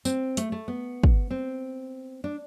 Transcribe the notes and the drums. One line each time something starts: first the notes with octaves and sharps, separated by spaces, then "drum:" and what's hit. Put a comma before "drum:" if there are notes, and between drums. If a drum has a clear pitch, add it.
C4, drum: tambourine
A3, drum: hi-hat
A3
B3
drum: kick
C4
D4